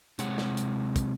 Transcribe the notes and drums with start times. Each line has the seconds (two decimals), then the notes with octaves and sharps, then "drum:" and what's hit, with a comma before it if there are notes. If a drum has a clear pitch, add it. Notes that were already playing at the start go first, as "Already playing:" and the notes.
0.19 C3 G#3 C4 C#5 F#5, drum: hi-hat
0.38 drum: snare
0.57 drum: hi-hat
0.96 drum: kick, hi-hat